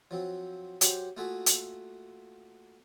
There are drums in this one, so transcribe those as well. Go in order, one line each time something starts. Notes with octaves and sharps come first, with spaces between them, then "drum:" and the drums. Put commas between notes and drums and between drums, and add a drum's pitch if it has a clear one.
F3 F#3 C4
F#3 G4 C5, drum: hi-hat
A3 A#3 F4 F#4 G#4 E5
drum: hi-hat